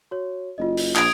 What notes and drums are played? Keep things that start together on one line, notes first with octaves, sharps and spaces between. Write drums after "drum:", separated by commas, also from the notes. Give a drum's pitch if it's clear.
F#4 C#5
F#1 F4 D#5
drum: open hi-hat
A#1 D#6 G#6 D7, drum: clap